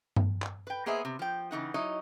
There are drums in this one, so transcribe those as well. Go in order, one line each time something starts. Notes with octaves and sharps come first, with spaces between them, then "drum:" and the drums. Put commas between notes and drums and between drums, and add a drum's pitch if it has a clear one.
drum: tom G2
drum: clap
B4 G5
A#3 B3 G#4 C5 D#5 E5
C3
F3 G5
C#3 E3 D#4 F#5
F#3 D#4 E4 C#5 D#5